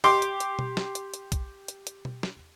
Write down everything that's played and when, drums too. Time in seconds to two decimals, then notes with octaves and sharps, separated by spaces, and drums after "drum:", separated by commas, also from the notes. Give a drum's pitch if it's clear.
0.04 G4 C6 D6, drum: open hi-hat
0.22 drum: hi-hat
0.40 drum: hi-hat
0.59 drum: tom B2
0.77 drum: snare
0.95 drum: hi-hat
1.14 drum: hi-hat
1.32 drum: kick, hi-hat
1.68 drum: hi-hat
1.87 drum: hi-hat
2.05 drum: tom B2
2.23 drum: snare